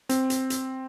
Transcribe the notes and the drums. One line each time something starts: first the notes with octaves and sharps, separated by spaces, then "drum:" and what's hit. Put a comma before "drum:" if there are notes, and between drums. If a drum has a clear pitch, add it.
C4, drum: hi-hat
drum: hi-hat
drum: hi-hat